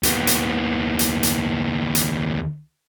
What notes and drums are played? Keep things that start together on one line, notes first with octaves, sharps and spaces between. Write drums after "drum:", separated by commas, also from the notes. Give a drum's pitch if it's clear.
D#2 B3, drum: hi-hat
drum: hi-hat
drum: hi-hat
drum: hi-hat
drum: hi-hat